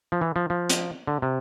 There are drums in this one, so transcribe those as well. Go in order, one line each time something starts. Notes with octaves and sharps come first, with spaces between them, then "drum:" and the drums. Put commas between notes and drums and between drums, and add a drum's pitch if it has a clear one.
F3
E3
F3
F3
drum: hi-hat
D3
C3